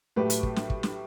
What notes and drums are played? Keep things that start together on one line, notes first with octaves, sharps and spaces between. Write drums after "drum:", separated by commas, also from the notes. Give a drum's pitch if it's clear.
A2 F#3 A3 G4 B4
drum: hi-hat
drum: kick
drum: snare
drum: kick
drum: snare